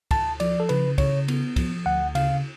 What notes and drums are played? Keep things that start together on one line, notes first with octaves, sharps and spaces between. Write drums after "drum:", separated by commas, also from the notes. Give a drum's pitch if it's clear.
D2 A5, drum: kick, cymbal
F3 D5, drum: cymbal
A4
C#3 B4, drum: cymbal
C#3 C#5, drum: kick, cymbal
B3, drum: cymbal
F3, drum: kick, cymbal
D2 F#5
C#3 F5, drum: cymbal